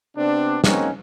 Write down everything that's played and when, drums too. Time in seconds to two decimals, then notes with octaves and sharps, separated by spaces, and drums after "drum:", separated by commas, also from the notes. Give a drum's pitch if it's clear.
0.17 C3 B3 C4 D4
0.64 G#3 A#3 C4 C#4 D#4 F#4, drum: snare